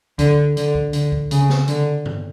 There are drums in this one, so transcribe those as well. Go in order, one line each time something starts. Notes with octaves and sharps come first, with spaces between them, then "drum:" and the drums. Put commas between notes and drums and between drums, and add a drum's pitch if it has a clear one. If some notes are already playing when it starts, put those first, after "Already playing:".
D3, drum: kick C#2, hi-hat
D3, drum: hi-hat
drum: kick C#2
D3, drum: hi-hat
drum: kick C#2
C#3, drum: hi-hat
drum: snare
D3, drum: hi-hat
drum: tom G2